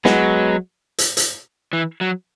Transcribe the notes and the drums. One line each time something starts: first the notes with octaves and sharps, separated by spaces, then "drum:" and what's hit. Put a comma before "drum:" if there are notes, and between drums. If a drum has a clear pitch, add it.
F#3 G#3 B3, drum: snare
drum: hi-hat
drum: hi-hat
E3
F#3